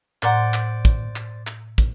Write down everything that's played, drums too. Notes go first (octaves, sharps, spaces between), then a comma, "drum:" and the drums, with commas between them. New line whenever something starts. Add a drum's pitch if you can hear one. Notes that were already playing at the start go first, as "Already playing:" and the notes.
A2 C5 D5 F#5 A#5 C6, drum: clap
drum: clap
drum: kick, hi-hat
drum: clap
drum: clap
drum: kick, hi-hat